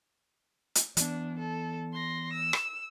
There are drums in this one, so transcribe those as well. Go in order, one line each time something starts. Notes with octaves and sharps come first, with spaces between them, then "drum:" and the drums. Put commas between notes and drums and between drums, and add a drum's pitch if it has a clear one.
drum: hi-hat
E3 B3 D4, drum: hi-hat
A4
C6 A#6
E6
drum: rim click